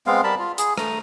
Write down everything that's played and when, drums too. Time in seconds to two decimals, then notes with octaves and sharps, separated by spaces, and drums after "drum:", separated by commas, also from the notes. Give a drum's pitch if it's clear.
0.07 G#3 B3 C4 F5
0.24 G3 A#4 A5 B5
0.39 F4
0.58 G#4, drum: hi-hat
0.78 A3 A#5, drum: rim click